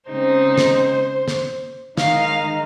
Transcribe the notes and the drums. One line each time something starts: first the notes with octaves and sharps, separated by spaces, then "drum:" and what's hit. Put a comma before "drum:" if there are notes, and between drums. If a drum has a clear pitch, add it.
C#3 G#3 C4 D#4 C5
drum: snare
drum: snare
D#3 G#3 D#4 F5, drum: snare